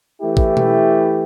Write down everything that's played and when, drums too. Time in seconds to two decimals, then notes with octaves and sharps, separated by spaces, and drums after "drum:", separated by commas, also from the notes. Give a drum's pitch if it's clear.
0.20 E3 A3 E4 G4
0.37 drum: kick
0.57 drum: tom B2